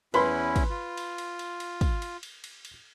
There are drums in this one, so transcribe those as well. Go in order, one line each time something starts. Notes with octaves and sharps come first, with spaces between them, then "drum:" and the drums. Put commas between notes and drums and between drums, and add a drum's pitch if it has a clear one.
E2 C#4 E4 B4 B5 C6, drum: cymbal
drum: kick, cymbal
F4
drum: cymbal
drum: cymbal
drum: cymbal
drum: cymbal
drum: kick, cymbal
drum: cymbal
drum: cymbal
drum: cymbal
drum: cymbal